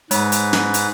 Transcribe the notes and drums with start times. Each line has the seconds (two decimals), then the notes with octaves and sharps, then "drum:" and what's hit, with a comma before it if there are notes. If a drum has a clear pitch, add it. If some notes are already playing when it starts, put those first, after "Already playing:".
0.11 G#2 G#3 B4, drum: hi-hat
0.32 drum: hi-hat
0.53 drum: snare
0.74 drum: hi-hat